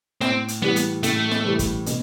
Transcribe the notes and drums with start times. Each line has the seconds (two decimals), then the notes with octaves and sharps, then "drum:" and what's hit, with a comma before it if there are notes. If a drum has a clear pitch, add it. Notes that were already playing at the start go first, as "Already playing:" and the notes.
0.21 A2 C4, drum: snare
0.48 drum: hi-hat
0.62 E3 G3 B3
0.76 drum: hi-hat
1.03 A2 A3, drum: hi-hat
1.31 drum: snare
1.45 E3 G3
1.59 drum: kick, hi-hat
1.86 B2, drum: hi-hat